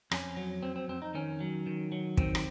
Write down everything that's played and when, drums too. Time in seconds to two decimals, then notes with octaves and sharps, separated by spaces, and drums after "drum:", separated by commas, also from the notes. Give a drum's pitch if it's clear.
0.11 F2 C#4, drum: rim click
0.37 F#3
0.62 F2 C4
0.76 C4
0.88 F2 C4
1.02 D#4
1.15 D#3 C#4
1.41 F#3
1.66 D#3
1.92 F#3
2.17 D#3 C4, drum: kick
2.35 drum: rim click